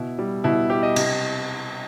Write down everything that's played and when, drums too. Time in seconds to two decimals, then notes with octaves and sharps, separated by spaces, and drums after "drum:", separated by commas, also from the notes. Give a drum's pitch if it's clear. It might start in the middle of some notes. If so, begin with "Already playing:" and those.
Already playing: B2 E4
0.19 G3
0.44 B2 E4
0.70 G3 G4
0.83 D#5
0.96 C3, drum: cymbal